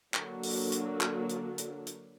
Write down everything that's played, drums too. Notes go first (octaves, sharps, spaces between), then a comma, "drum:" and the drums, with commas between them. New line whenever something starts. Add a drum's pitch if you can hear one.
D3 F#3 A#3 D4 F#4, drum: clap
drum: open hi-hat
drum: hi-hat
drum: clap
drum: hi-hat
drum: hi-hat
drum: hi-hat